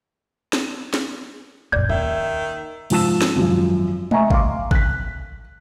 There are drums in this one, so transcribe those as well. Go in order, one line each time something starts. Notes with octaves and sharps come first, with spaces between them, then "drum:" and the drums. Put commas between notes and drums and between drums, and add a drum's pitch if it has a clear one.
drum: snare
drum: snare
A#1 F#2 D5 G6 G#6
D#2 D#3 C#4 E5
G#2 F3 A5 E6 E7, drum: cymbal
drum: snare
G#1 F#2 F3
D#5 E5 G#5 A#5 C#6, drum: tom G#3
F5 C6 D6, drum: kick G#1
F#6 B6, drum: kick G#1